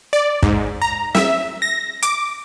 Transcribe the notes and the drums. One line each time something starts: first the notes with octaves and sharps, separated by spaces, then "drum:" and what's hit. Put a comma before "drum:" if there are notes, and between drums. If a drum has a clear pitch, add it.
D5
G#2, drum: kick
A#5
E5, drum: snare
A#6
D6, drum: hi-hat